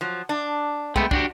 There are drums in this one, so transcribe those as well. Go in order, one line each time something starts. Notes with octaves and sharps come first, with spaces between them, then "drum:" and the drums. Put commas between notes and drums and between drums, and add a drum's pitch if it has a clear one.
F3 F#3
D4
G#3 A3 B3 G5, drum: kick
D4 F#4 G4, drum: kick